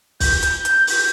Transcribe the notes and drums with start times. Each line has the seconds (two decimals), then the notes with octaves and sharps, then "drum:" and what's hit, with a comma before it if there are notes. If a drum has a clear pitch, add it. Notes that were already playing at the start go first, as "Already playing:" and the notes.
0.20 G6, drum: kick, open hi-hat
0.43 drum: hi-hat
0.65 drum: hi-hat
0.87 drum: open hi-hat